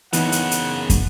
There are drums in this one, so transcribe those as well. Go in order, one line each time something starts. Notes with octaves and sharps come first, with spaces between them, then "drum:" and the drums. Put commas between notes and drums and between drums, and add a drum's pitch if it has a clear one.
F#2 C#3 E3 B3 D#4 F#5, drum: hi-hat
drum: hi-hat
drum: hi-hat
drum: kick, hi-hat